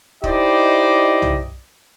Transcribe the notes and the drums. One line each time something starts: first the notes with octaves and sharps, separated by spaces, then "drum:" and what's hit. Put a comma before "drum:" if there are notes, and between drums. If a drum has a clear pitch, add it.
D#4 E4 G4 C5 D5 D#5, drum: kick
drum: tom